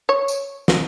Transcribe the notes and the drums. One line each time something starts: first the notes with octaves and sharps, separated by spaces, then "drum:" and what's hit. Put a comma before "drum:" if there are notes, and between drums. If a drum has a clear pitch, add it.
C#5
drum: tambourine
drum: snare